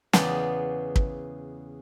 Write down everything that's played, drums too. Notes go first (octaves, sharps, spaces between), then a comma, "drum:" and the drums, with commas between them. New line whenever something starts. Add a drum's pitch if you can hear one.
E2 C#3 B3 D5 G5, drum: snare
drum: kick